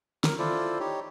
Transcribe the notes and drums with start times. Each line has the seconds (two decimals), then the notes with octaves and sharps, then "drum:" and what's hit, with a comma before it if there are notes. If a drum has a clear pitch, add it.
0.24 A#4, drum: snare
0.39 E4 F4 A4 C5 D5
0.80 D#4 G4 C#5